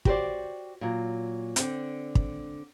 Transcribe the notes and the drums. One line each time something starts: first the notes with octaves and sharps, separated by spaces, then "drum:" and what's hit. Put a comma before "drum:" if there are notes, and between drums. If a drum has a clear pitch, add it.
F#4 G4 A#4 C5 D5, drum: kick
A#2 F#3
D3 C4, drum: hi-hat
drum: kick